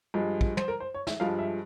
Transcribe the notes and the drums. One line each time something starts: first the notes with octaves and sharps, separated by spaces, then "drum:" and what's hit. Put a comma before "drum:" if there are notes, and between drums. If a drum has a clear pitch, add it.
G2 F3 G#3
drum: kick
C5, drum: tom
A#4
C5
C#5
E5, drum: snare
G2 F3 G#3 F5
E5